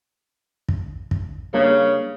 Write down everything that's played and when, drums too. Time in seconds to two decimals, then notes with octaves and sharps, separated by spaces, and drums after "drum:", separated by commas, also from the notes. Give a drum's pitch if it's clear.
0.69 drum: kick
1.11 drum: kick
1.54 C#3 G3 A#3 D4